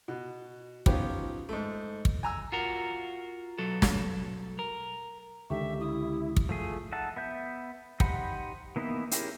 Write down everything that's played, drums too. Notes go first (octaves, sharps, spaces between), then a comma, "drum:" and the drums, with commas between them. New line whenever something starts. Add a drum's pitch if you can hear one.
B2
F3 B3 C#4 D#4 F4 G4, drum: kick
G#2 A3
drum: kick
G#5 A#5 E6
F4 F#4 A#4
B1 F#3 A4
drum: snare
A#4
C#2 D3 D#3 G4 E5 C#6
E4 D#6
drum: kick
F3 A3 G#4
D#4 E5 F#5 A5
B3 E5 G6
D#4 G4 C5 F#5 B5, drum: kick
E3 A#3 B3 D#4 E4
C#4 E4 G4 G#4 A#4, drum: hi-hat